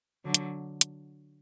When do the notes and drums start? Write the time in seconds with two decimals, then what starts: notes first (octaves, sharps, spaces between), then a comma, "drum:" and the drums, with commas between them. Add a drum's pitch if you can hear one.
0.25 D3 F#3
0.34 drum: hi-hat
0.81 drum: hi-hat